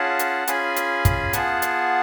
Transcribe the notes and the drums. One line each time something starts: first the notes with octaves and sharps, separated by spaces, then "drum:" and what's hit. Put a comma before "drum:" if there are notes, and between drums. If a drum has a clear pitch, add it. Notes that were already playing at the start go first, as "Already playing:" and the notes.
Already playing: C#4 F4 G#4 F#5 A5
drum: hi-hat
C#4 F4 G#4 G#5 B5, drum: hi-hat
drum: hi-hat
drum: kick, hi-hat
B3 F4 G#4 F#5 A5, drum: hi-hat
drum: hi-hat